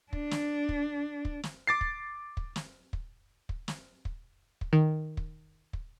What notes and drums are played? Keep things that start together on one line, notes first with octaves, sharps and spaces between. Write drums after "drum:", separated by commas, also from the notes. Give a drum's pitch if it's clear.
D4, drum: kick
drum: snare
drum: kick
drum: kick
drum: snare
D6 A6 C7
drum: kick
drum: kick
drum: snare
drum: kick
drum: kick
drum: snare
drum: kick
drum: kick
D#3
drum: kick
drum: kick